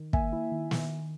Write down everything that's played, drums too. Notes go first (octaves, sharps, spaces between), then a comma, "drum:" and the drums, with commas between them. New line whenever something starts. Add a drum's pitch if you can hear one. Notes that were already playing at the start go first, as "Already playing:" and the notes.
Already playing: D#3
A#3 E5 G#5, drum: kick
E4
D#3
D#3, drum: snare